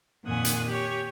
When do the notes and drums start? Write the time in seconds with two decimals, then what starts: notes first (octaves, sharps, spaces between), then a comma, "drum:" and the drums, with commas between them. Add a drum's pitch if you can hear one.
0.24 F2 A#2 D#3 F#5 G#5 D#6
0.45 drum: hi-hat
0.68 G4 C#5